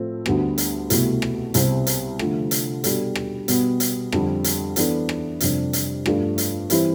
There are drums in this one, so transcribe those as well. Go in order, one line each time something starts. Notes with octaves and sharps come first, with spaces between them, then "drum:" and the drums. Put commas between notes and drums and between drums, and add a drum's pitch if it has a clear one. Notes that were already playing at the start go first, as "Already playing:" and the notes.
Already playing: A2 F3 C4 F4 A4
D2 D3 G3 B3, drum: rim click
drum: hi-hat
C2 B2 A3 E4 G4, drum: hi-hat
drum: rim click
C2 B2 G3 C4 E4, drum: hi-hat
drum: hi-hat
D3 F3 A3, drum: rim click
drum: hi-hat
B2 G3 D4 A4, drum: hi-hat
drum: rim click
B2 G3 B3, drum: hi-hat
drum: hi-hat
F2 D3 G3, drum: rim click
drum: hi-hat
E3 B3 D4 A4, drum: hi-hat
drum: rim click
F2 C3 G3 D4, drum: hi-hat
drum: hi-hat
G2 F3 A3 D4 A4, drum: rim click
drum: hi-hat
E3 G3 C4 E4 G4, drum: hi-hat